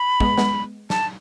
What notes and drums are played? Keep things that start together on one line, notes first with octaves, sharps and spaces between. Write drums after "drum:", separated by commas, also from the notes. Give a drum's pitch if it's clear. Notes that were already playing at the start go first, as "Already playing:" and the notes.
Already playing: B5
G#3 B3, drum: kick
G#3 B3, drum: snare
A5, drum: snare